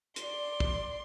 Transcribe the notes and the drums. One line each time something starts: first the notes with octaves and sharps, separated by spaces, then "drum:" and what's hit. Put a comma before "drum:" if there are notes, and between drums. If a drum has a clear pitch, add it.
D5 C6, drum: hi-hat
drum: kick